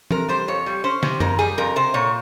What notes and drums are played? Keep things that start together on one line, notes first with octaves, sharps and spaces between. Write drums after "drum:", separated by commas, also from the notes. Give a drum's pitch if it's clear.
C3 A#4, drum: tom E3
G3 C5
F2 C#5
G3
C#4 C5
C3, drum: snare
F2 A#4, drum: tom F#2
G3 G#4
F2 A#4
C3 C5
A#2 C#5